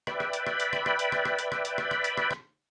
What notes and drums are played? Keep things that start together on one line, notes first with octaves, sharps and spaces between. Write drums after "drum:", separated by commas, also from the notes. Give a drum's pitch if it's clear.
B4 D5 E5 G5 B5, drum: rim click
drum: rim click
drum: hi-hat
drum: rim click
drum: hi-hat
drum: rim click
drum: rim click
drum: hi-hat
drum: rim click
drum: rim click
drum: hi-hat
drum: rim click
drum: hi-hat
drum: rim click
drum: rim click
drum: hi-hat
drum: rim click
drum: rim click